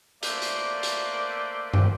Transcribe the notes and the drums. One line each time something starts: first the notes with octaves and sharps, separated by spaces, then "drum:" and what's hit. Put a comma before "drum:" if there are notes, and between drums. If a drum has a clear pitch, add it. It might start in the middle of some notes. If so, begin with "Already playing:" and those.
A3 A#3 B4 C5 D5 F5, drum: hi-hat
drum: hi-hat
drum: hi-hat
drum: tom G2